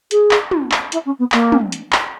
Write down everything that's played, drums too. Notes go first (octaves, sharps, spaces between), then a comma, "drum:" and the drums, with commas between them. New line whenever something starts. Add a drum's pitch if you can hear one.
G#4, drum: hi-hat
drum: clap
drum: tom
drum: clap
E4, drum: hi-hat
C#4
B3
A#3, drum: clap
drum: tom
drum: hi-hat
drum: clap